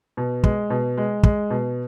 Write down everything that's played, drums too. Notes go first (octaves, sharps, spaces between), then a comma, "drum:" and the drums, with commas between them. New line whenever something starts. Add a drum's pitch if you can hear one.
B2
G#3, drum: kick
B2
G#3
G#3, drum: kick
B2